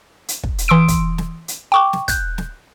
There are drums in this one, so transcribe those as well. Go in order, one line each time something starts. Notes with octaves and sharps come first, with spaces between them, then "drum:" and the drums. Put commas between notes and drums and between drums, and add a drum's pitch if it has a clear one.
drum: hi-hat
drum: kick
drum: hi-hat
E3 C6 D#6 E6 D7
drum: kick, hi-hat
drum: snare
drum: hi-hat
G5 C#6 D6
drum: snare
F#6 G6, drum: kick, hi-hat
drum: snare